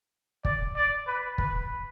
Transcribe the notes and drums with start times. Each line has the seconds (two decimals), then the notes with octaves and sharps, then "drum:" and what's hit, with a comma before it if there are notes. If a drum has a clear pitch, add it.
0.45 D5, drum: kick
0.76 D5
1.07 B4
1.38 B4, drum: kick